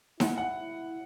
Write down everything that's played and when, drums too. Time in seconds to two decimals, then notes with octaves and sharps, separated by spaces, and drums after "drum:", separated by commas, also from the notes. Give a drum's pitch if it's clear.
0.20 E4 F#5, drum: snare D#4
0.38 F#5